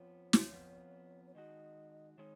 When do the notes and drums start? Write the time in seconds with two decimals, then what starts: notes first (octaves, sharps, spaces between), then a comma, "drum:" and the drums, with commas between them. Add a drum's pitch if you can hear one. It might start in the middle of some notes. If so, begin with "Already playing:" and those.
Already playing: F2 F3 B3 C#5
0.33 drum: snare
0.52 F2 F3 B3
1.26 C#5
1.35 D#3 G#3 D#4 F#4 D#5
2.17 D#3 G#3 D#4 C#5